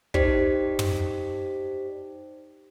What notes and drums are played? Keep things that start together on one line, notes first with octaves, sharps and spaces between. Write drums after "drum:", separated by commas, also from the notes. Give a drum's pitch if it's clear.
D#4 G4 C5 D5 B6, drum: kick
drum: tom